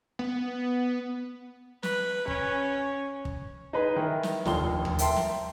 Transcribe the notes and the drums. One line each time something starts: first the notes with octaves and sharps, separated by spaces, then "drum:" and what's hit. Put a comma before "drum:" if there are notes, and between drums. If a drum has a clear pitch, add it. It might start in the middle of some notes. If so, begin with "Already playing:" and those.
B3
B4, drum: snare
C#4, drum: kick
drum: kick
D#4 G#4 B4 B5
D#3 E4 G5
drum: snare
F1 A#1 D#2 F4 C6 G7, drum: snare
drum: tom D#2
A#4 E5 G5 A5 C6, drum: hi-hat
drum: snare